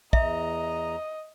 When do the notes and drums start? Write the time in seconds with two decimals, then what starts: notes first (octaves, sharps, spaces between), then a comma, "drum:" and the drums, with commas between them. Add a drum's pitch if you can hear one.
0.13 E2 D#5 E5 A#5, drum: kick